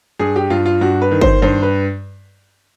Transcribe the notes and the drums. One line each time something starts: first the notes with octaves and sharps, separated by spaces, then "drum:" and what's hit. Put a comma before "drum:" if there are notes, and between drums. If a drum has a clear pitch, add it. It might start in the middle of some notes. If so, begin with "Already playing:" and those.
G2 G#4
G4
G2 F4
F4
G2 F#4
B4
D#3
C5, drum: kick G1
G2 C5
B4